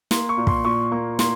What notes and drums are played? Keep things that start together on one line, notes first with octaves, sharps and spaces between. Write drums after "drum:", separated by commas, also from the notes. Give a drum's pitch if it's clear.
A#3 C6, drum: snare
C#6
A#2
C6, drum: kick
A#2 C#6
A#3 C#6
A#3 C6, drum: snare